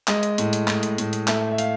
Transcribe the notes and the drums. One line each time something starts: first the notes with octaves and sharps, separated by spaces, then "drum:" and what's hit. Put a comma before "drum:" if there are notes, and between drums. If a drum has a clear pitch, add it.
G#3 D#5, drum: clap
drum: hi-hat
A2, drum: hi-hat
drum: hi-hat
A2, drum: clap
drum: hi-hat
A2, drum: hi-hat
drum: hi-hat
A3 E5, drum: clap
E5
F5, drum: hi-hat